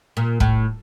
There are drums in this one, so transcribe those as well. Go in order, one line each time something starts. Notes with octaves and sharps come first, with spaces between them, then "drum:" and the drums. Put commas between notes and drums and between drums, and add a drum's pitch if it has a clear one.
A#2
A2, drum: kick